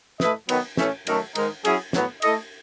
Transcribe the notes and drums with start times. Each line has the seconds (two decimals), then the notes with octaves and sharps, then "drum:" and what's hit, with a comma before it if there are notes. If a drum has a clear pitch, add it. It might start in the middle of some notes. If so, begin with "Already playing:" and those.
0.20 A3 E4 B4 D#5, drum: snare
0.49 D#3 F#3 B3, drum: cymbal
0.77 E3 A3 C#4, drum: snare
1.07 F#2 D#3 F#3 A3, drum: cymbal
1.35 G#2 D#3 G#3 D#4, drum: cymbal
1.65 F#3 C#4 E4 G#4, drum: cymbal
1.93 A2 F#3 B3, drum: snare
2.22 A3 E4 A4 D#5, drum: cymbal